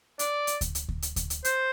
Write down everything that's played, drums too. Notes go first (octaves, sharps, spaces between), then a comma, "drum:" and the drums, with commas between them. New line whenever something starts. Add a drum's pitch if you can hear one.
D5, drum: hi-hat
drum: hi-hat
drum: kick D2, hi-hat
drum: hi-hat
drum: kick D2
drum: hi-hat
drum: kick D2, hi-hat
drum: hi-hat
C5, drum: hi-hat